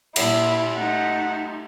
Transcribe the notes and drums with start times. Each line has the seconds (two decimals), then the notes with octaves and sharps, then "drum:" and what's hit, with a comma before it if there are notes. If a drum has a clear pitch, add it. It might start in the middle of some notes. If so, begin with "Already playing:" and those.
0.16 A#2 E4, drum: cymbal
0.76 A3 D#4 F#5